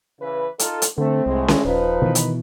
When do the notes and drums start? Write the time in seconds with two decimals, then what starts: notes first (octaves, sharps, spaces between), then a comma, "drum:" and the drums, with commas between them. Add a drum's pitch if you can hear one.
0.20 C#3 E3 B4
0.59 D#4 F4 A4, drum: hi-hat
0.82 drum: hi-hat
0.98 D3 A3 C4
1.26 C2 A2 G#3
1.48 drum: snare C#4
1.65 D#1 F3 D#4 B4
2.02 B2 D#3 E3
2.15 drum: hi-hat